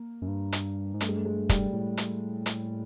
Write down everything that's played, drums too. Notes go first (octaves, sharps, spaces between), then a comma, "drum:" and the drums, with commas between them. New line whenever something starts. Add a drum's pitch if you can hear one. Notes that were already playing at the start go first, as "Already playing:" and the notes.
Already playing: A#3
F#2
G2
drum: hi-hat
G#2
G2 A3, drum: hi-hat
G#3
A3
G#3
G3, drum: kick, hi-hat
A2
drum: hi-hat
drum: hi-hat